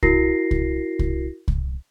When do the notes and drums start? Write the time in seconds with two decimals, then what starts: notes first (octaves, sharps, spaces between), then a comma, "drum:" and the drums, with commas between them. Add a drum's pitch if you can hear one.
0.03 E4 F#4 A#4 A#6 C7, drum: kick C2
0.51 drum: kick C2
0.99 drum: kick C2
1.48 drum: kick C2